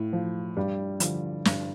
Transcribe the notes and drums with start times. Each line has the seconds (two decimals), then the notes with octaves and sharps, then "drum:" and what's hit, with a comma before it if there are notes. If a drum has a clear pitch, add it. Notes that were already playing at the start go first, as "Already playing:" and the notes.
Already playing: A2
0.13 F3
0.57 G2 G3
1.00 D3 F3, drum: hi-hat
1.45 G2, drum: snare